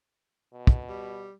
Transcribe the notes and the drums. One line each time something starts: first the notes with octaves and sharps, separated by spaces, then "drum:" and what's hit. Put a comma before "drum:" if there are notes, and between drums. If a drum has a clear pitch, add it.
B2
drum: kick
G3